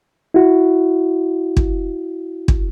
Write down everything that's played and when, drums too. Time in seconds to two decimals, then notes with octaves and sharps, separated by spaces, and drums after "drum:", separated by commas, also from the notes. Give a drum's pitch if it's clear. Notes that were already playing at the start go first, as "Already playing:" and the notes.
0.34 E4 F#4
1.57 drum: kick
2.48 drum: kick